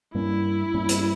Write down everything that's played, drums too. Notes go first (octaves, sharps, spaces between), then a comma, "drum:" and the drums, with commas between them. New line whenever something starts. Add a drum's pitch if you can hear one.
G2 G3 A#3 C#4 E4
G2 G3 A#3 C#4
drum: hi-hat